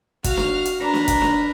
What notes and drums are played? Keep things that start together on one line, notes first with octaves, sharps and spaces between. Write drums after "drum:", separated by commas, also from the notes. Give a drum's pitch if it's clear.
F#4 F5 F6, drum: kick, hi-hat
drum: snare
drum: hi-hat
D4 A#4 B4 A#5 B5
drum: snare
drum: kick, hi-hat
drum: snare